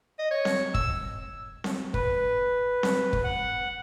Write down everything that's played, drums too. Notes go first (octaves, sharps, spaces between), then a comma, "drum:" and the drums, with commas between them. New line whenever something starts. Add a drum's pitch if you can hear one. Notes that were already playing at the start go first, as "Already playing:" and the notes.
D#5
C#5
drum: snare C4
E6, drum: kick
drum: snare C4
B4, drum: kick
drum: snare C4
drum: kick
F#5